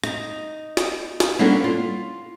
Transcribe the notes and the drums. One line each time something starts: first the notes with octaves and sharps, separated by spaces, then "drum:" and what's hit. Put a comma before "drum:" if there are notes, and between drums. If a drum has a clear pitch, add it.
D#4, drum: rim click
drum: snare
drum: snare
G3 A#3 B3 C#4 D4 A4
F4